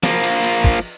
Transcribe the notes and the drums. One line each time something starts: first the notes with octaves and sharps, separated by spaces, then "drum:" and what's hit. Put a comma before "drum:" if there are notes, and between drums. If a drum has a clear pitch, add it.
F3 A#3, drum: snare
drum: cymbal
drum: cymbal
drum: kick